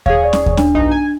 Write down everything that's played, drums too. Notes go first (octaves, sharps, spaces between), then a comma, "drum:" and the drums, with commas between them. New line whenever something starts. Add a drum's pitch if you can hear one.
G#4 C#5 F5, drum: kick D#2
D5
drum: snare C#4
drum: kick D#2
D4, drum: snare C#4
B1 G2 D#4
G#5